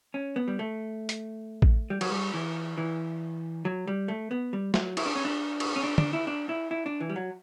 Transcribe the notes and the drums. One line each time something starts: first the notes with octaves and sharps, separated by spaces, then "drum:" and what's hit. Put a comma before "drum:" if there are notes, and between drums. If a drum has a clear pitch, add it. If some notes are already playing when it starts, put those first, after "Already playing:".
C#4
B3
G3
A3
drum: hi-hat
drum: kick A1
G3
F#3, drum: cymbal
G3
E3
E3
F#3
G3
A3
B3
G3
F#3, drum: snare
E4, drum: cymbal
D4
C#4
D4
drum: cymbal
C#4
D4
D4, drum: tom
E4
D4
E4
E4
D4
E3
G3
F#3